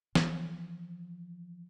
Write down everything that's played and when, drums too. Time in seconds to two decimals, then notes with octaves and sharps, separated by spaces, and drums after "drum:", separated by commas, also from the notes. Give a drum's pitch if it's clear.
0.15 E3 F3, drum: snare